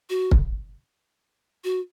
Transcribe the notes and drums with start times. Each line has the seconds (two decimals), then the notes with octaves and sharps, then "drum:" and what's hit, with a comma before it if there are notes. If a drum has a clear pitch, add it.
0.10 F#4
0.31 drum: kick
1.64 F#4